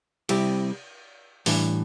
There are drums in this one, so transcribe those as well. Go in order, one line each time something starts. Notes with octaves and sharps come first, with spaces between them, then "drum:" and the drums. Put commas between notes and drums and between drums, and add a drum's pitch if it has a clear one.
C3 G3 C4 E4 G4, drum: cymbal
A2 E3 G3 D4, drum: open hi-hat